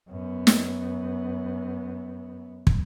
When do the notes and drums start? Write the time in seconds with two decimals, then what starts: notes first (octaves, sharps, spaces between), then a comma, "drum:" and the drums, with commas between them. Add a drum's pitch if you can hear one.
0.10 F#2 B3
0.47 drum: snare
2.67 drum: kick